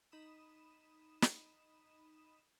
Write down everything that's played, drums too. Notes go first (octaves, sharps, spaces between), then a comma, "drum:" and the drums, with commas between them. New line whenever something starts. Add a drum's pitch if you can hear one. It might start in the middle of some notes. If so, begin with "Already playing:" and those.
D#4 B5 D#6 E7
drum: snare